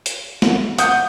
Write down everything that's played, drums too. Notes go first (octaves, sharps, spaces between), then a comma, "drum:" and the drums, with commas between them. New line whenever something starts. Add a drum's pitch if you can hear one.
drum: hi-hat
drum: snare
F#5 D#6 G6, drum: hi-hat